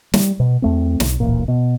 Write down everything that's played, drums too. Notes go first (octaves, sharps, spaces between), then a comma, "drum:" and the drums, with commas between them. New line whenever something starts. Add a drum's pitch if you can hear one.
G3, drum: snare
B2
E2 A3 C4
B1, drum: snare
D1 A1 A#2
B2